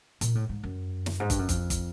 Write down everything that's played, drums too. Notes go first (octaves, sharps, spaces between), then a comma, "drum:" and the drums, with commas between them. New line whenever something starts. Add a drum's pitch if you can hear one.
A#2, drum: hi-hat
A2
G#2
F#2
drum: snare
G#2
G2, drum: kick, hi-hat
F#2
F2, drum: kick, hi-hat
drum: kick, hi-hat